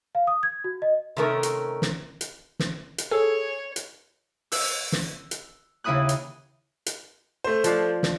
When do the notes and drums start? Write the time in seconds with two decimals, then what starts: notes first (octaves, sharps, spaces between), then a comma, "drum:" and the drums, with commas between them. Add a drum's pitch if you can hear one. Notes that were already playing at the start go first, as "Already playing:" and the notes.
0.15 F5
0.27 D#6
0.43 G#6
0.64 F#4
0.82 D#5
1.17 C3 D#3 A3 C#4 A#4
1.43 drum: hi-hat
1.82 drum: snare
2.21 drum: hi-hat
2.59 drum: snare
2.98 drum: hi-hat
3.11 G#4 A4 C#5
3.76 drum: hi-hat
4.52 E6 F#6, drum: open hi-hat
4.92 drum: snare
5.31 drum: hi-hat
5.84 D#2 C#3 E4 B5 D#6 F#6
6.09 drum: hi-hat
6.86 drum: hi-hat
7.44 A3 C5
7.64 F3 D4 F5, drum: hi-hat
8.03 drum: snare